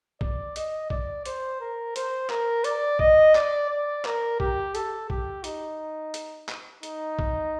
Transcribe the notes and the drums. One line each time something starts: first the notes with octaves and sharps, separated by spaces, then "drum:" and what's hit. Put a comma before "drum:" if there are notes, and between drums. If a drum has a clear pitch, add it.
D5, drum: kick A#1
D#5, drum: hi-hat
D5, drum: kick A#1
C5, drum: hi-hat
A#4
C5, drum: hi-hat
A#4, drum: clap
D5, drum: hi-hat
D#5, drum: kick A#1
D5, drum: clap
D5
A#4, drum: clap
G4, drum: kick A#1
A4, drum: hi-hat
G4, drum: kick A#1
D#4, drum: hi-hat
drum: hi-hat
drum: clap
D#4, drum: hi-hat
drum: kick A#1